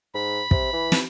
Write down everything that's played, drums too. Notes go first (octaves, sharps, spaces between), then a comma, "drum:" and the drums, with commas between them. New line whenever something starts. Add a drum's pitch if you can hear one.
G#2 B5
C3, drum: kick
E3
drum: snare